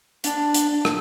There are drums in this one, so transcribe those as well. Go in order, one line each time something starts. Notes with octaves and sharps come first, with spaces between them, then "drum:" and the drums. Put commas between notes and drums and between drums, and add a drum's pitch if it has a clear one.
D4, drum: hi-hat
drum: hi-hat
drum: rim click